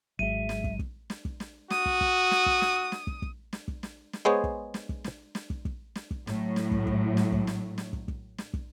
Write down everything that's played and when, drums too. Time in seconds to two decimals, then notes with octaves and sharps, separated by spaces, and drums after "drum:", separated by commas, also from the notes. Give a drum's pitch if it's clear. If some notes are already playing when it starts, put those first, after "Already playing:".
0.19 G#1 F#3 G#3 E5 D#7
0.49 drum: snare
0.64 drum: kick
0.79 drum: kick
1.10 drum: snare
1.25 drum: kick
1.40 drum: snare
1.70 F#4 D#6, drum: snare
1.86 drum: kick
2.01 drum: kick
2.31 drum: snare
2.46 drum: kick
2.61 drum: snare
2.92 drum: snare
3.07 drum: kick
3.22 drum: kick
3.53 drum: snare
3.68 drum: kick
3.83 drum: snare
4.13 drum: snare
4.25 G#3 B3 G#4 C5 C#5
4.44 drum: kick
4.74 drum: snare
4.89 drum: kick
5.04 drum: snare
5.35 drum: snare
5.50 drum: kick
5.65 drum: kick
5.95 drum: snare
6.11 drum: kick
6.27 A2 F#3, drum: snare
6.56 drum: snare
6.71 drum: kick
6.87 drum: kick
7.17 drum: snare
7.32 drum: kick
7.47 drum: snare
7.78 drum: snare
7.93 drum: kick
8.08 drum: kick
8.38 drum: snare
8.54 drum: kick